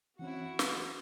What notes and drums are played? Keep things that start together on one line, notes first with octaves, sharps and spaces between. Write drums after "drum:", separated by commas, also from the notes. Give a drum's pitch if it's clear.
E3 C4 C#4 E4 F#4 F#5
B4, drum: snare